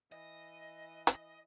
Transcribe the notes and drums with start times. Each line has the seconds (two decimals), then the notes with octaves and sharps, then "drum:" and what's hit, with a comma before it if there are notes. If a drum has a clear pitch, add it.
0.12 E3 D#5
1.07 drum: hi-hat